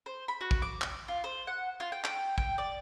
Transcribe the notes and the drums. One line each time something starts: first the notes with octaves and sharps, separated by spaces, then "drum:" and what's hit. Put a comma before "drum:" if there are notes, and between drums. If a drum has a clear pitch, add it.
C5
B5
F#4
drum: kick
D6
drum: clap
F4
C5
F#5
F4
G5
G5, drum: clap
G5, drum: kick
D5